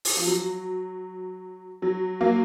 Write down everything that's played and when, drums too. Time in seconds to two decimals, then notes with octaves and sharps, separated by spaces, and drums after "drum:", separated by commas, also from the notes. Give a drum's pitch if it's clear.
0.05 drum: open hi-hat
0.17 F3
0.27 F#3
1.82 F#3
2.21 F#3 A#3